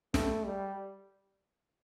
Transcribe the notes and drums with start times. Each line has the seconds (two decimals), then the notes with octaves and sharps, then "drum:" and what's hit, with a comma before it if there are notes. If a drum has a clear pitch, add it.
0.14 A3, drum: snare
0.46 G3